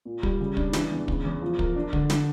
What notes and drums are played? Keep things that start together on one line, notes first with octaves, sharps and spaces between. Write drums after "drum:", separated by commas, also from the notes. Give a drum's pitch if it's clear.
A#2
G3, drum: kick
C#3
D4, drum: kick
E3, drum: snare
E2
C#3, drum: kick
E2
F3
A#4, drum: kick
D4
D3, drum: kick
drum: snare